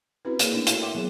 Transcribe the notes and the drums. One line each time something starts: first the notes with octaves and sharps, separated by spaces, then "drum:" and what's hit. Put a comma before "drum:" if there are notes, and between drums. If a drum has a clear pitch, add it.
C4 C#4 E4 F#4 G4 B4
A#3 G#4 A#4 C#5 D5 F5, drum: hi-hat
A3 C#4 D4 E4
E4 F#4 G4 A4 A#4 C#5, drum: hi-hat
C#5 E5 F#5 G5 C6 D6
D#3 F#3 B3 G#4